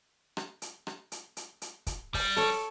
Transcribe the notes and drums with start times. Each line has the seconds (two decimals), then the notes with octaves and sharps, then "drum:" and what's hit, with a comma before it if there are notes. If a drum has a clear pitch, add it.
0.37 drum: rim click
0.62 drum: hi-hat
0.87 drum: rim click
1.12 drum: hi-hat
1.37 drum: hi-hat
1.62 drum: hi-hat
1.87 drum: kick, hi-hat
2.14 G3, drum: kick, open hi-hat
2.36 A4 C#5, drum: open hi-hat